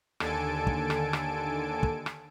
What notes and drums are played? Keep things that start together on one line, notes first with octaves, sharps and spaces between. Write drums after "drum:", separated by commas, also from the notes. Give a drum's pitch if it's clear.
D#2 D3 A4 G#5 A5 D7, drum: rim click
drum: kick
drum: rim click
drum: rim click
drum: kick
drum: rim click